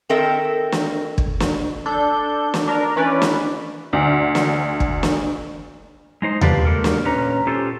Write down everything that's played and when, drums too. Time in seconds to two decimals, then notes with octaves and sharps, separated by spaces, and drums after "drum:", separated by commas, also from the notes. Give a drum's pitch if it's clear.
0.09 D#3 C4 A4 A#4 D#5 E5
0.72 drum: snare
1.18 drum: kick
1.40 drum: snare
1.86 D4 A4 G6
2.54 drum: snare
2.67 D4 A#4
2.96 E3 C#4 B4 D5
3.22 drum: snare
3.93 D2
4.35 drum: snare
4.80 drum: kick
5.03 drum: snare
6.22 G#3 D#4 C5
6.41 C#3 D4 F4 G4 B4 F5, drum: tom D#2
6.65 G#3 A#3 G4 A4 A#4
6.84 drum: snare
7.05 A#2 C#4 B4 A#5
7.47 C#4 F4 G4 A4 C5